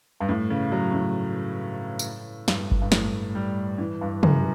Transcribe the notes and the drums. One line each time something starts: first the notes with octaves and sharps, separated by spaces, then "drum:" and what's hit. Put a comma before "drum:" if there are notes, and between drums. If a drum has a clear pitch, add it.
G2
A2
C#3
F#3
A2
drum: tambourine
G2, drum: snare
drum: kick G1
G2
A2, drum: snare
G3
E3
G2
F#2, drum: tom